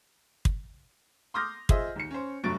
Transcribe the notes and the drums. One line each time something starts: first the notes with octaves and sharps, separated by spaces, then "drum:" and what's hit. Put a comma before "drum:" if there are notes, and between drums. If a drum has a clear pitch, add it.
drum: kick
C6 D6 D#6 F6 G6 A#6
F4 G#4 C5 D#5 E5, drum: kick
D#2 C#7
C#4 C5
F1 G2 F#3 C#6 A6 D7